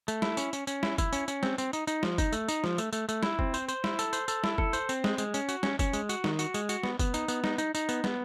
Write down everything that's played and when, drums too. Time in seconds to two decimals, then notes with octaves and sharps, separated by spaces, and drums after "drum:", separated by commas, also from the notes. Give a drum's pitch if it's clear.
0.08 A3, drum: tambourine
0.22 E4, drum: snare
0.37 C#4, drum: tambourine
0.53 C#4, drum: tambourine
0.67 C#4, drum: tambourine
0.83 E4, drum: snare
0.98 E4, drum: kick, tambourine
1.13 C#4, drum: tambourine
1.28 C#4, drum: tambourine
1.43 C4, drum: snare
1.58 C4, drum: tambourine
1.73 D#4, drum: tambourine
1.87 D#4, drum: tambourine
2.03 F3, drum: snare
2.18 D#4, drum: kick, tambourine
2.32 A3, drum: tambourine
2.48 D#4, drum: tambourine
2.64 F3, drum: snare
2.78 A3, drum: tambourine
2.93 A3, drum: tambourine
3.09 A3, drum: tambourine
3.23 E4, drum: snare
3.39 C4, drum: kick
3.54 C5, drum: tambourine
3.68 C5, drum: tambourine
3.84 E4, drum: snare
3.99 A4, drum: tambourine
4.13 C5, drum: tambourine
4.28 A4, drum: tambourine
4.44 E4, drum: snare
4.58 A4, drum: kick
4.73 C5, drum: tambourine
4.89 C4, drum: tambourine
5.04 G#3, drum: snare
5.18 G#3, drum: tambourine
5.34 C#4, drum: tambourine
5.49 F#4, drum: tambourine
5.63 C#4, drum: snare
5.79 C#4, drum: kick, tambourine
5.93 G#3, drum: tambourine
6.09 F#4, drum: tambourine
6.24 D#3, drum: snare
6.39 F#4, drum: tambourine
6.54 G#3, drum: tambourine
6.69 F#4, drum: tambourine
6.83 B3, drum: snare
6.99 B3, drum: kick, tambourine
7.14 D#4, drum: tambourine
7.28 B3, drum: tambourine
7.44 D#4, drum: snare
7.58 D#4, drum: tambourine
7.75 D#4, drum: tambourine
7.89 B3, drum: tambourine
8.04 B3, drum: snare